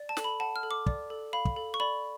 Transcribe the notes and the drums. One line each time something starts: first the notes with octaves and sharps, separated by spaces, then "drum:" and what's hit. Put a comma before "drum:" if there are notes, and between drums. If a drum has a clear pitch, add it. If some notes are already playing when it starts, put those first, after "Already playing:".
Already playing: D5
A5
A4, drum: snare
B5
F#5 A5
F6
A4
D6
D5, drum: kick
A4
F5 B5
drum: kick
A4
C#6
D5 B5